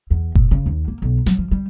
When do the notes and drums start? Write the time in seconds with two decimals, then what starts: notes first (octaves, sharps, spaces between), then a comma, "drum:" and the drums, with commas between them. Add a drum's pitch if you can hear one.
0.10 E2
0.35 A#2, drum: kick F1
0.51 C#3
0.66 D#2
0.88 A#3
1.02 B1
1.26 F#3, drum: hi-hat
1.38 F3
1.51 G3